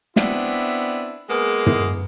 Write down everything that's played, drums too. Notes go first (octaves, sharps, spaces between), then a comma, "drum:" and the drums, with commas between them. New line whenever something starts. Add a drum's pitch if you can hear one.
B3 C4 D4 E4, drum: snare
G#3 A#3 B3 G#4
drum: tom